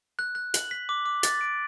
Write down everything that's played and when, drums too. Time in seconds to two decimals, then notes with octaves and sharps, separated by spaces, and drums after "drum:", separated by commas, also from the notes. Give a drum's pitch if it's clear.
0.19 F#6
0.35 F#6
0.54 F#7, drum: hi-hat
0.71 B6
0.89 D6
1.06 D6
1.23 A6, drum: hi-hat
1.41 D7